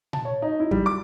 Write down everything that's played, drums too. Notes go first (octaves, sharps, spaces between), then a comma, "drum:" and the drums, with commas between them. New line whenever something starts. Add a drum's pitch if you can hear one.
A5, drum: tom A#2
C#5
D#4
E4
G3, drum: kick
D6